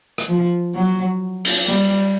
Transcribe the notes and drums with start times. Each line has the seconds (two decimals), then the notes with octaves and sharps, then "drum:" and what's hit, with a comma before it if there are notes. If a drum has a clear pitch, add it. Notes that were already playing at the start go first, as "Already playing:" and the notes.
0.18 drum: rim click
0.29 F3
0.75 F#3
1.45 drum: cymbal
1.66 G3